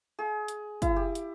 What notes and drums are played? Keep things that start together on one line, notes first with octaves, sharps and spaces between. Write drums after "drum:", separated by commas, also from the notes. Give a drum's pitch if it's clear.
G#4
drum: hi-hat
E4, drum: kick, hi-hat
G4
drum: hi-hat